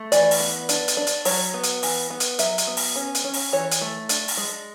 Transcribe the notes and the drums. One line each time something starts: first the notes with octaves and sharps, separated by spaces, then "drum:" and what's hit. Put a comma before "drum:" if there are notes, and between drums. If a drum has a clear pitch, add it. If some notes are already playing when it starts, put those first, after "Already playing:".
Already playing: A3
E3 D5, drum: hi-hat
drum: open hi-hat
B3
D4, drum: hi-hat
drum: hi-hat
D4
drum: hi-hat
F#3 C#5, drum: open hi-hat
B3
drum: hi-hat
E3, drum: open hi-hat
B3
drum: hi-hat
F#3 E5, drum: hi-hat
drum: hi-hat
B3
drum: open hi-hat
C#4
drum: hi-hat
C#4
drum: open hi-hat
E3 C#5
drum: hi-hat
A3
D4, drum: hi-hat
drum: open hi-hat
G#3